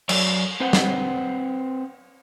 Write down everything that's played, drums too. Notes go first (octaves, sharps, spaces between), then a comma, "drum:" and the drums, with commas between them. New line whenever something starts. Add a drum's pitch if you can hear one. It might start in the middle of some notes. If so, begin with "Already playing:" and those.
F#2 F#3 C#5 D5, drum: cymbal
C4 B4 C5 F#5
drum: snare